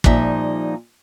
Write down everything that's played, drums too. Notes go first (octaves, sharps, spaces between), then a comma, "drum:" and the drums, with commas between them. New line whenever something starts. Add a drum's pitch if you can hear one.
A#2 F3 G3 D#4 E5, drum: kick